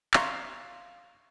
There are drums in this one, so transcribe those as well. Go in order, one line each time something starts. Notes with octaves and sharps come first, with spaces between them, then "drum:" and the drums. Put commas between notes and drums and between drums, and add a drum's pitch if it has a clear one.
E5 F5 A#5 C6 C#6, drum: clap